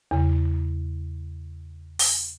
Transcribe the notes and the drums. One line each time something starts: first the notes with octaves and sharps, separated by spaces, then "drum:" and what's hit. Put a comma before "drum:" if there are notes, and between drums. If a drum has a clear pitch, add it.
E2 C#3
drum: open hi-hat